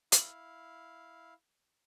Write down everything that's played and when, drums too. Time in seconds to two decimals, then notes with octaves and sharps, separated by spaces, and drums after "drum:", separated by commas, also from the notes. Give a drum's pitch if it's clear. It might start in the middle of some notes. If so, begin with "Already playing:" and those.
0.12 E4 F5, drum: hi-hat